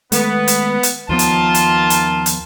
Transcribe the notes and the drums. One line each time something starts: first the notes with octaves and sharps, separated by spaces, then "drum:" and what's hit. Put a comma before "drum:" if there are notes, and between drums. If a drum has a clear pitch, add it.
D#3 G#3 A3 B3, drum: hi-hat
drum: hi-hat
drum: hi-hat
D#2 D#3 F3 B3 F4 A5
drum: hi-hat
drum: hi-hat
drum: hi-hat
drum: hi-hat